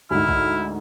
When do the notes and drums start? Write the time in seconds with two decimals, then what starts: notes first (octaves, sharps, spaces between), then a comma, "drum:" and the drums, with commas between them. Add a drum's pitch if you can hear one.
0.11 D2 G#2 E4 F6
0.28 drum: kick